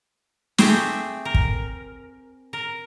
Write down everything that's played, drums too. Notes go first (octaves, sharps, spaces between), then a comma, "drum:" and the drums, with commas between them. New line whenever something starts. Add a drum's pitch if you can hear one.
A3 C4 G4 G#4 C5 G5, drum: snare
A#4
drum: kick
A#4